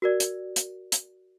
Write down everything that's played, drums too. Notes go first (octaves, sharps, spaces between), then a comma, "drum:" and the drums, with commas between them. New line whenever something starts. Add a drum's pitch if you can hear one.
F#4 A#4 D5
drum: hi-hat
drum: hi-hat
drum: hi-hat